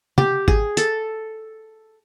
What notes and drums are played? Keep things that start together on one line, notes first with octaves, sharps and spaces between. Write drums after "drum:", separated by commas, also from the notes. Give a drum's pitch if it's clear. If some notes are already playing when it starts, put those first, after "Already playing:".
G4, drum: tom
G#4, drum: kick G#1
A4, drum: hi-hat